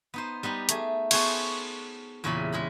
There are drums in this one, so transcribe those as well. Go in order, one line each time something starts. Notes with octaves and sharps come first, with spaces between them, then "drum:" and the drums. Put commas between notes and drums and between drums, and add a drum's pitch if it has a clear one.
B3 D#4 C5
G3 B3 D#4 G4
A3 G#4, drum: hi-hat
B3 F#4 G#4 A4 C5 C#5, drum: cymbal
E2 A#2 C#3 C#4 G4 B5
G#3 G#4 B5